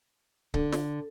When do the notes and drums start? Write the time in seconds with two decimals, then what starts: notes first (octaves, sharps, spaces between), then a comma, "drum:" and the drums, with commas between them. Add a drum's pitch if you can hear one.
0.54 D3, drum: kick C#1
0.72 drum: snare